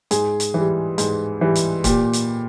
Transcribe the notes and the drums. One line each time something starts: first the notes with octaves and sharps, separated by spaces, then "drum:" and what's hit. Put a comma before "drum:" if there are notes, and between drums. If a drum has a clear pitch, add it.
G#2 G#4, drum: hi-hat
drum: hi-hat
E3 G3
G#2, drum: hi-hat
E3 G3
drum: hi-hat
A#2 G4, drum: kick, hi-hat
drum: hi-hat